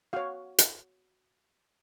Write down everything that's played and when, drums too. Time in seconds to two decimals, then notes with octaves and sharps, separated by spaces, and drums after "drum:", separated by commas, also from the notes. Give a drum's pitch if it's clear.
0.13 F#4 C#5 F5
0.58 drum: hi-hat